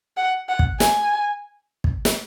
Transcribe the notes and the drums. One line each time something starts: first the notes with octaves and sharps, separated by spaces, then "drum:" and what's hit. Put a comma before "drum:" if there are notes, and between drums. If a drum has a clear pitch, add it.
F#5
F#5
drum: kick
G#5, drum: snare
drum: kick
drum: snare